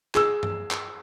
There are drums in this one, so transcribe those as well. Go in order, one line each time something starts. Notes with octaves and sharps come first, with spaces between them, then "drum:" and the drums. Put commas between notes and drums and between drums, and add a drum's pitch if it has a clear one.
G#4 E6, drum: clap
drum: tom G2
drum: clap